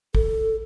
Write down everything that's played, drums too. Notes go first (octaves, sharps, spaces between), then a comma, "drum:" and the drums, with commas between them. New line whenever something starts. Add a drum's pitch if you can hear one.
A4, drum: kick